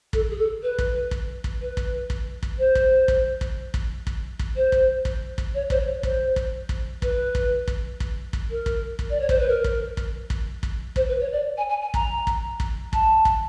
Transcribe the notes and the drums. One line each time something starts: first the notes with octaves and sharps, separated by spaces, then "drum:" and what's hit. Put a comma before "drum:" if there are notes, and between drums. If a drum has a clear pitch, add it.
A4, drum: kick
G#4
A4
B4
drum: kick
drum: kick
drum: kick
B4
drum: kick
drum: kick
drum: kick
C5
drum: kick
drum: kick
drum: kick
drum: kick
drum: kick
drum: kick
C5
drum: kick
drum: kick
drum: kick
C#5
C5, drum: kick
C#5
C5, drum: kick
drum: kick
drum: kick
B4, drum: kick
drum: kick
drum: kick
drum: kick
drum: kick
A#4
drum: kick
drum: kick
D5
C#5
C5, drum: kick
B4
A#4
drum: kick
drum: kick
drum: kick
drum: kick
C5, drum: kick
B4
C#5
D5
G#5
G#5
G#5
A#5, drum: kick
drum: kick
drum: kick
A5, drum: kick
drum: kick